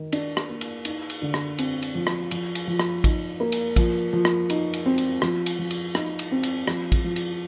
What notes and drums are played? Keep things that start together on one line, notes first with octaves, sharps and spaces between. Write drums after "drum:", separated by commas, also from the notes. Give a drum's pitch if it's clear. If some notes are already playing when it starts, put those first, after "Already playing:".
Already playing: D#3
D4, drum: cymbal
drum: rim click
A#3
drum: cymbal
D#4, drum: cymbal
drum: cymbal
D3
drum: rim click
C4, drum: cymbal
drum: cymbal
F3
drum: rim click
F3, drum: cymbal
drum: cymbal
F3
drum: rim click
D#4, drum: kick, cymbal
A#3
drum: cymbal
F3, drum: kick, cymbal
F3
drum: rim click
D#4, drum: cymbal
drum: cymbal
C4
drum: cymbal
F3, drum: rim click
drum: cymbal
F3
drum: cymbal
D#4, drum: rim click
drum: cymbal
C4
drum: cymbal
F3, drum: rim click
drum: kick, cymbal
F3
drum: cymbal